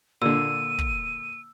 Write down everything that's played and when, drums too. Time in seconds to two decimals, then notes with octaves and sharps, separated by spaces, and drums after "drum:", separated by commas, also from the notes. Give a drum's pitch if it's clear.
0.22 A#2 D3 E6 D#7
0.79 drum: kick